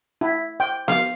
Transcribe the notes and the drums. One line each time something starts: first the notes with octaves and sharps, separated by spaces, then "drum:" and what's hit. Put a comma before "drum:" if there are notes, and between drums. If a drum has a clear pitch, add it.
E4
G5
F5, drum: snare B3